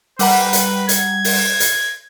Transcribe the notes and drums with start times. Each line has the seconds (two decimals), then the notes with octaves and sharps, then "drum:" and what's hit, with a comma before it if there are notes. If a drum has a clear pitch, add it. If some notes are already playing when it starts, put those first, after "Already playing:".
0.19 G3 B4 F#5 A#5, drum: open hi-hat
0.53 drum: hi-hat
0.89 G#6, drum: hi-hat
1.24 drum: open hi-hat
1.60 drum: hi-hat